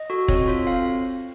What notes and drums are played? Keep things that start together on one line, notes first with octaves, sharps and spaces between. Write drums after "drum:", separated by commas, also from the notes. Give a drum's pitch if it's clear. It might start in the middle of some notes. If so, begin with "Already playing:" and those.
Already playing: D#5
F#4 A4
C4 C#5, drum: kick E1
F4 A4
C4 F5